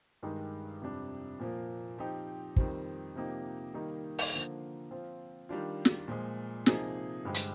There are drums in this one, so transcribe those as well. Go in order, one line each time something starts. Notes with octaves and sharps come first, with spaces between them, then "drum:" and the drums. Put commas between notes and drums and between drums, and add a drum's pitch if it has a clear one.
G2 D#3 G#3 D#4 G4
F2 C3 G3 D4
A#2 F3 A#3
F3 C4 D#4 G4
F2 D#3 G3 C4, drum: kick
C3 F3 A#3 D#4 G4
D#3 G3 A#3 D#4
drum: open hi-hat
D3 F3 A#3
F3 C4 F4
D#3 G3 D4 F4
drum: snare
A#2 F3 G#3
C3 F3 A#3 D#4 G#4, drum: snare
G2 D3 G#3 C4 G4
drum: hi-hat